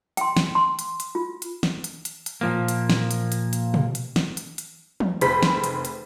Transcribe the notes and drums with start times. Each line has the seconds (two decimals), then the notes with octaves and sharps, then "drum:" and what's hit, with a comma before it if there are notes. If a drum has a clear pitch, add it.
0.17 G5 C6, drum: hi-hat
0.37 drum: snare
0.55 C6
0.79 drum: hi-hat
1.00 drum: hi-hat
1.15 F4
1.42 drum: hi-hat
1.63 drum: snare
1.84 drum: hi-hat
2.05 drum: hi-hat
2.26 drum: hi-hat
2.41 A#2 F3 A#3
2.68 drum: hi-hat
2.90 drum: snare
3.11 drum: hi-hat
3.32 drum: hi-hat
3.53 drum: hi-hat
3.74 drum: tom B2
3.95 drum: hi-hat
4.16 drum: snare
4.37 drum: hi-hat
4.58 drum: hi-hat
5.00 drum: tom
5.21 F1 G#4 C5 B5 B6, drum: hi-hat
5.43 drum: snare
5.64 drum: hi-hat
5.85 drum: hi-hat